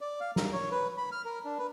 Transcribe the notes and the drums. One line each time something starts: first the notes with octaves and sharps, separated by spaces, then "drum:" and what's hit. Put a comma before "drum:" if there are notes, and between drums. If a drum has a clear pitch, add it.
D5
F5
A#4, drum: snare
C#5
B4
B5
F6
A#4
D4
B4